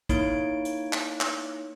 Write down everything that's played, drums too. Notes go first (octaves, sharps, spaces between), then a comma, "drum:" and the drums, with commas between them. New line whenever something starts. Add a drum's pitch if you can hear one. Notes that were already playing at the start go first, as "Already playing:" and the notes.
A#3 D#4 E4 C#5 D7, drum: kick, hi-hat
drum: hi-hat
drum: clap
drum: clap